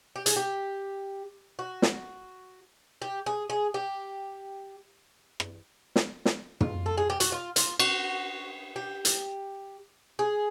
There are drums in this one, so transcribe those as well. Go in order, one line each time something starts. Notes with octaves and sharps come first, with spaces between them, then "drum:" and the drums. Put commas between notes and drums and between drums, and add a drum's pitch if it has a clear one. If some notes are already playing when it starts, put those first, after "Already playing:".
G4
G#4, drum: hi-hat
G4
F#4
drum: snare
G4
G#4
G#4
G4
drum: rim click
drum: snare
drum: snare
F4, drum: tom
A4
G#4
G4
F#4, drum: hi-hat
F4
F4, drum: hi-hat
F#4, drum: cymbal
G4
drum: hi-hat
G#4